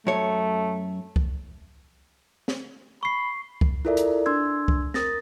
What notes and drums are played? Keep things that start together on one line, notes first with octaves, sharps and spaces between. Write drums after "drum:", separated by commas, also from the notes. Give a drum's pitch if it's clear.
F#2 A3 C#5
drum: kick C2
drum: snare
B5 C#6 C7
drum: kick C2
E4 F4 A4 A#4 D5 E5
drum: hi-hat
D4 C6 E6 G#6
drum: kick C2
A#4 D#6 A6 A#6, drum: snare